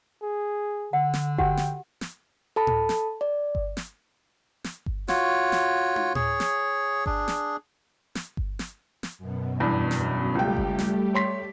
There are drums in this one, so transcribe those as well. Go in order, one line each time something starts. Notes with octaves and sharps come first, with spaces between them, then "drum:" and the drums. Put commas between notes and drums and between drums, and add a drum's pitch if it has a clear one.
G#4
D3 F#5
drum: snare
F#4 G4 F#5 G5, drum: kick G1
drum: snare
drum: snare
A4 A5 B5
drum: tom A2
drum: snare
D5
drum: kick G1
drum: snare
drum: snare
drum: kick G1
F4 F#4 C#5, drum: snare
drum: snare
drum: tom
G#4 C#5, drum: tom A2
drum: snare
D4 G#4, drum: kick G1
drum: snare
drum: snare
drum: kick G1
drum: snare
drum: snare
F#2 B2
E2 G2
drum: snare
C#2 G3 A3 G4 G5
drum: kick G1
drum: snare
C#5 C6 B6